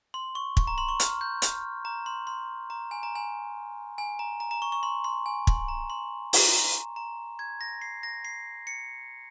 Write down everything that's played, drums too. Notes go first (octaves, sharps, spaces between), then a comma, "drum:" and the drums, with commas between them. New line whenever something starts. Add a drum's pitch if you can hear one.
C6
C#6
C#6, drum: kick
A#5
C6
C#6
F6, drum: hi-hat
G6
F6, drum: hi-hat
A#5
C6
C6
A#5
G#5
A#5
G#5
G#5
A#5
A#5
A#5
C#6
C#6
C6
C6
G#5
C6, drum: kick
A#5
C6
A#5, drum: open hi-hat
A#5
A#5
G#6
A#6
C7
A#6
C7
C#7